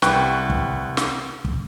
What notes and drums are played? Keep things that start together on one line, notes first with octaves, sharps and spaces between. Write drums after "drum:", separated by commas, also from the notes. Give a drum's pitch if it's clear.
C2 B4 G5 C#6 F#6, drum: snare
drum: kick
drum: snare
drum: kick